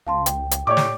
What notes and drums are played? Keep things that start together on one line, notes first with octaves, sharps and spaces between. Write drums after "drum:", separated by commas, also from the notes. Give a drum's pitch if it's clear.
C#2 F5 A5 C6
G5, drum: hi-hat
drum: hi-hat
A2 G4 C#5 D5 C#6 D6
drum: snare